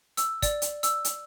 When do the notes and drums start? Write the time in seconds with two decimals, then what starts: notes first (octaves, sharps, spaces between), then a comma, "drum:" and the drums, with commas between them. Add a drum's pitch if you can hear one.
0.17 E6, drum: hi-hat
0.42 D5, drum: kick, hi-hat
0.62 drum: hi-hat
0.83 E6, drum: hi-hat
1.05 drum: hi-hat